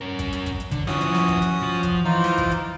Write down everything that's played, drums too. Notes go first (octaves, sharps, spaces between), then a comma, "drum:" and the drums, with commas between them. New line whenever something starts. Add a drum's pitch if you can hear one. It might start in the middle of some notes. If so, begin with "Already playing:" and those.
C#4 A#4
drum: kick G#1, hi-hat
drum: hi-hat
drum: kick G#1, hi-hat
drum: hi-hat
D3, drum: kick G#1, hi-hat
F3 C#4 E4 F#4 D#6, drum: snare
drum: hi-hat
drum: snare
drum: kick G#1, hi-hat
drum: hi-hat
F3
drum: kick G#1, hi-hat
E3 D#4 F4 C5
drum: snare
drum: kick G#1, hi-hat
drum: hi-hat